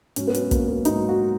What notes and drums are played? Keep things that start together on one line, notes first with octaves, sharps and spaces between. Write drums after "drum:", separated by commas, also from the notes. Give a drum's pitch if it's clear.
G#2 F#3 C#4, drum: hi-hat
B3
C#4, drum: hi-hat
A#3, drum: kick, hi-hat
B3
G#2 F#3 D#4, drum: hi-hat
F#4